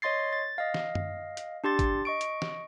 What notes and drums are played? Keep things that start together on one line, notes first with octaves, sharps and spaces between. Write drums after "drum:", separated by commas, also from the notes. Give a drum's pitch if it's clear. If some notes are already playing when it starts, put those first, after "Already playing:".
C#5 D#5 C6 A6 C7
A6
D#5 F5
drum: snare
drum: tom F#2
drum: hi-hat
D4 G4 C6 A6
drum: kick G#1, hi-hat
D#5 C#6 D7
drum: hi-hat
drum: snare